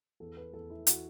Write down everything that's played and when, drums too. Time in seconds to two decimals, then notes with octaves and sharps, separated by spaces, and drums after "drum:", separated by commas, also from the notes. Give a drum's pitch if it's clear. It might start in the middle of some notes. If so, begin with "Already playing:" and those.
0.20 E2 A4
0.37 B4
0.53 E2 A4
0.70 E4
0.87 E3 F#4, drum: hi-hat